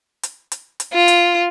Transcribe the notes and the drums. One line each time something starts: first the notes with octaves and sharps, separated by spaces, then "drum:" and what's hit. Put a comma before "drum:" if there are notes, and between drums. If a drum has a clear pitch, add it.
drum: hi-hat
drum: hi-hat
drum: hi-hat
F4
drum: hi-hat